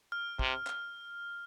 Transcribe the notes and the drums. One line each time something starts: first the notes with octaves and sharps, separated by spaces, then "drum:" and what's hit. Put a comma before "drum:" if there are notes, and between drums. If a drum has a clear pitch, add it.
F6
C3, drum: kick
drum: clap